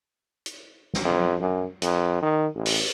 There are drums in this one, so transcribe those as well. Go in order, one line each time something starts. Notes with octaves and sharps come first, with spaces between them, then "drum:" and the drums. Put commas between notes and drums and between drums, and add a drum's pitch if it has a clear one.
drum: hi-hat
drum: snare
F2
F#2
F2, drum: hi-hat
D#3
A1
drum: open hi-hat